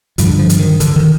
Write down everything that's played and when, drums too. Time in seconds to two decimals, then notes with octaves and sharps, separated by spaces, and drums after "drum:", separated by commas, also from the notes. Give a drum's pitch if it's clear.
0.18 G2 D3 F3, drum: hi-hat
0.39 F3
0.49 drum: hi-hat
0.59 D#3
0.80 D3, drum: hi-hat
0.96 D#3